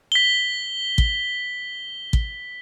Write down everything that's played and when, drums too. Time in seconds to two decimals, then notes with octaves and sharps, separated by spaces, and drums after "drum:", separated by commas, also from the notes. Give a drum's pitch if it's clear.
0.12 B6 G7
0.98 drum: kick
2.13 drum: kick